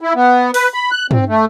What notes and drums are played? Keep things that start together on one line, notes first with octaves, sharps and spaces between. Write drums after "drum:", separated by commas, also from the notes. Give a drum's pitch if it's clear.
E4
B3
B4, drum: open hi-hat
B5
F#6
C4, drum: tom
A3